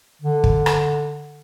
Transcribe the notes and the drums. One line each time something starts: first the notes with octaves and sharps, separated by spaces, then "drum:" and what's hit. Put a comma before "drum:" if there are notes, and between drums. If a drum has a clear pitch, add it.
D3
drum: kick
drum: rim click